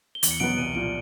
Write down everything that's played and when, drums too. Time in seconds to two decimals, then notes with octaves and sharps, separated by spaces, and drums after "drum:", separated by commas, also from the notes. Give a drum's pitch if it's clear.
0.15 G7
0.23 E2 F#7, drum: hi-hat
0.31 C#7
0.40 B2 F#3 B3 D7
0.58 C2 D#7
0.75 A#2 F3 D7